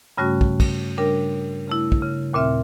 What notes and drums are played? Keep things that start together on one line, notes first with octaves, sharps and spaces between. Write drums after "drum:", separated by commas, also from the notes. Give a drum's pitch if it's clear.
G2 C#3 G3 A3 C#4 F#4
drum: kick
drum: kick, cymbal
C#3 G3 D4 A#4
C#3 A3 E4
drum: kick
C#3
D#2 A#2 C4 E5 F6